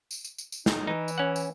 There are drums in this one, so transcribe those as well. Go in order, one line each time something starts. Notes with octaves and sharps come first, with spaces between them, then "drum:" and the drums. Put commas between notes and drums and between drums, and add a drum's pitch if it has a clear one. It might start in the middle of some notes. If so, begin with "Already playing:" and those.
drum: tambourine
drum: tambourine
drum: tambourine
drum: tambourine
D#4, drum: snare
E3 D#4
drum: tambourine
C#4 F#5
drum: tambourine